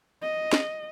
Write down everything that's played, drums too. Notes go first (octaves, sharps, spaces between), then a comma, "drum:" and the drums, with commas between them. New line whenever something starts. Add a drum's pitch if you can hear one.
D#5
drum: snare